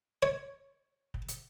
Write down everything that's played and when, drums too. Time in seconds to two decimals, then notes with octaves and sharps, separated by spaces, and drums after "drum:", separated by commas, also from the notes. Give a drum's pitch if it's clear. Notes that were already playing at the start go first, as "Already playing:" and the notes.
0.23 C#5
1.14 drum: kick
1.29 drum: hi-hat